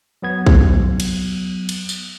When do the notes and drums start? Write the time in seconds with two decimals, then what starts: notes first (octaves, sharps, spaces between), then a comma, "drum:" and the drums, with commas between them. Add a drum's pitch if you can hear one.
0.22 F#3 B3 G#6
0.46 drum: kick
1.00 drum: cymbal
1.69 drum: cymbal
1.89 drum: tambourine